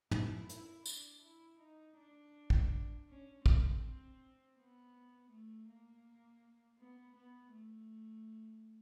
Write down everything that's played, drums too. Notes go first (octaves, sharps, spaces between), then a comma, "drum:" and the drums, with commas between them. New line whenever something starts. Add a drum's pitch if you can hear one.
E4, drum: tom
E4, drum: hi-hat
D4, drum: tambourine
E4
D#4
D4
drum: kick
C#4
C4, drum: kick
B3
A3
A#3
B3
B3
A3